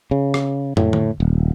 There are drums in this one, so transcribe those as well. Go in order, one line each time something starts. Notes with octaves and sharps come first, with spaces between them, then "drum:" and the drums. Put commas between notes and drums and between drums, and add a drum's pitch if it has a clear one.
C#3
drum: rim click
A2, drum: tom
drum: tom D3
D#1